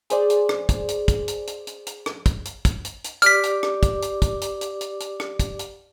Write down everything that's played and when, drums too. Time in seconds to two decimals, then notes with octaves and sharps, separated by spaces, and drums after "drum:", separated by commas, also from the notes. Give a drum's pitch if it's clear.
0.10 G#4 C5 D5, drum: hi-hat
0.30 drum: hi-hat
0.49 drum: rim click
0.69 drum: kick, hi-hat
0.88 drum: hi-hat
1.08 drum: kick, hi-hat
1.28 drum: hi-hat
1.47 drum: hi-hat
1.67 drum: hi-hat
1.87 drum: hi-hat
2.06 drum: rim click
2.26 drum: kick, hi-hat
2.45 drum: hi-hat
2.65 drum: kick, hi-hat
2.85 drum: hi-hat
3.04 drum: hi-hat
3.22 G4 D5 D6 F6 B6, drum: hi-hat
3.43 drum: hi-hat
3.63 drum: rim click
3.83 drum: kick, hi-hat
4.02 drum: hi-hat
4.22 drum: kick, hi-hat
4.41 drum: hi-hat
4.61 drum: hi-hat
4.81 drum: hi-hat
5.00 drum: hi-hat
5.20 drum: rim click
5.40 drum: kick, hi-hat
5.59 drum: hi-hat